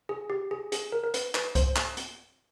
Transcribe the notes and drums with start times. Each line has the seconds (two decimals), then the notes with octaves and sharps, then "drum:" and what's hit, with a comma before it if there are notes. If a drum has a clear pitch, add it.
0.09 G#4
0.30 G4
0.51 G#4
0.72 G#4, drum: hi-hat
0.92 A#4
1.03 A#4
1.14 B4, drum: hi-hat
1.35 B4, drum: clap
1.55 C5, drum: kick C2, hi-hat
1.76 drum: clap
1.97 drum: hi-hat